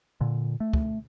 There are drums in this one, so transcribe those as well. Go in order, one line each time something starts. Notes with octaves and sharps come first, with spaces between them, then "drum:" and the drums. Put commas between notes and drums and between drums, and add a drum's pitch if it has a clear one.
A#2 D3
A3
drum: kick